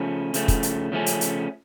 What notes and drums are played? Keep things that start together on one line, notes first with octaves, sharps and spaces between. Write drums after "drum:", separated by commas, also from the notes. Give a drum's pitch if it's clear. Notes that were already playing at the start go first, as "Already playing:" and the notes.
Already playing: C#3 F3 A3 C#4
C#3 F3 A3 C#4, drum: hi-hat
drum: kick, hi-hat
drum: hi-hat
C#3 F3 A3 C#4
drum: hi-hat
drum: hi-hat